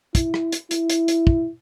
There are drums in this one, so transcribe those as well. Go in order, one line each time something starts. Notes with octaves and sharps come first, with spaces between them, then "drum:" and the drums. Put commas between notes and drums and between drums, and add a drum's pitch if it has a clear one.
E4, drum: kick, hi-hat
drum: rim click
drum: hi-hat
E4, drum: hi-hat
drum: hi-hat
drum: hi-hat
drum: kick